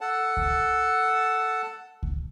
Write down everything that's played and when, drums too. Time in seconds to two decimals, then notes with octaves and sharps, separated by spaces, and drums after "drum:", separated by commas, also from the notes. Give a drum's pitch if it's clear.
0.01 A4 F#5 A5
0.37 drum: kick C#2
2.03 drum: kick C#2